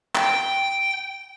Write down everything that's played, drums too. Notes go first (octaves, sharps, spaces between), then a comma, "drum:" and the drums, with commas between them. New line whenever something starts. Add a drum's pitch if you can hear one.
G5, drum: clap